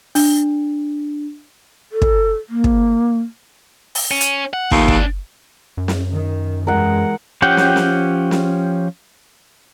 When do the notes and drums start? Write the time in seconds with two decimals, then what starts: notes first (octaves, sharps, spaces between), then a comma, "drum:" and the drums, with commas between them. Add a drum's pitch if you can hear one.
0.15 D4, drum: open hi-hat
1.92 A4
2.02 drum: kick
2.49 A#3
2.64 drum: kick
3.95 drum: open hi-hat
4.11 C#4
4.21 drum: hi-hat
4.53 F#5
4.71 D#2 F3 A3, drum: kick
4.88 G#2 D4, drum: kick
5.77 F#2
5.88 drum: snare
6.12 D#3
6.67 E2 E3 G#3 A#4 F#5
7.42 F3 C#4 G4 F#5 G5
7.57 drum: snare
7.76 drum: snare
8.31 drum: snare